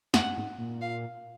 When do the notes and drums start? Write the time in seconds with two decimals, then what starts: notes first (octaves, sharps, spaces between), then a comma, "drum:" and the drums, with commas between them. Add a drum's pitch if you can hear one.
0.14 F#2 F#5, drum: snare
0.37 G#2
0.58 A#2
0.81 F5